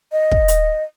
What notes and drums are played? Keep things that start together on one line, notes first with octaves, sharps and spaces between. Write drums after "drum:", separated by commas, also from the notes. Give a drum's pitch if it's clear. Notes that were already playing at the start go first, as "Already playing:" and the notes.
D#5
drum: kick
drum: hi-hat